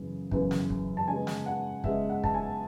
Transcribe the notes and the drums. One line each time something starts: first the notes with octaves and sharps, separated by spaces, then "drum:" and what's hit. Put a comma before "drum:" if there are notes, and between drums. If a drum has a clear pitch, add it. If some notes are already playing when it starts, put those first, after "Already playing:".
Already playing: F#2 C#3 E3 B3
F#2 C#3 E3 B3, drum: kick
drum: snare
drum: kick
A5
C#3 G#3 B3 G#5
drum: snare
F#5
C#3 G#3 B3 E5, drum: kick
F#5
A5, drum: kick
G#5